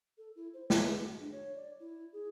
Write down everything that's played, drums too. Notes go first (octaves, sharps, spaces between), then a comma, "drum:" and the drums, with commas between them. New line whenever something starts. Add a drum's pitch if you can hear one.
A4
E4
C5
B4, drum: snare
G#4
F#4
D4
C#5
D5
E4
G#4